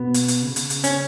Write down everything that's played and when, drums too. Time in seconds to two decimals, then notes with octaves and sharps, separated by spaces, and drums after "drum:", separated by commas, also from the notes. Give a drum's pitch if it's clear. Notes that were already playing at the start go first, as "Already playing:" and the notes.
Already playing: B2 B3
0.14 drum: hi-hat
0.28 drum: hi-hat
0.42 C#3
0.56 drum: hi-hat
0.70 drum: hi-hat
0.84 C#4, drum: hi-hat